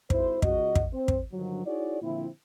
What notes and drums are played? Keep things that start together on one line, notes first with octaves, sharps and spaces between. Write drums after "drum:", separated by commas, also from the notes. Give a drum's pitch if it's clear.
G#1 E4 C5, drum: kick
C#2 F#4 D#5, drum: kick
drum: kick
C4 C5
drum: kick
G2 D3 D#3 F3 F#3
D#4 E4 F#4 G#4 C#5 D5
A#2 D3 F3 C4 E4